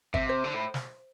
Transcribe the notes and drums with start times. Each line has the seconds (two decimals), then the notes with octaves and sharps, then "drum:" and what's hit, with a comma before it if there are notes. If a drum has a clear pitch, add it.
0.14 C3 E5, drum: kick
0.29 C5
0.44 D3
0.54 A2
0.74 drum: snare